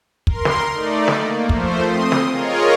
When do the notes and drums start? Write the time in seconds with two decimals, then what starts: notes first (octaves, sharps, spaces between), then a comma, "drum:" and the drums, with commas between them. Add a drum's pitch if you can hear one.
0.27 A#4 C6, drum: kick
0.45 drum: snare
0.72 A3 D#4 D5
1.08 drum: snare
1.19 A#3
1.49 F3 A3 C5, drum: kick
1.85 C4 C6 D#6
2.12 drum: snare
2.30 F4 G#4 A#4 C#5 D#5